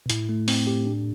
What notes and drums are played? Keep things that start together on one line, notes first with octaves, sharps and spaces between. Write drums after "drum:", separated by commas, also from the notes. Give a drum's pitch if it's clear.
B2
A2 E4, drum: hi-hat
A3
C4, drum: open hi-hat
G4
D4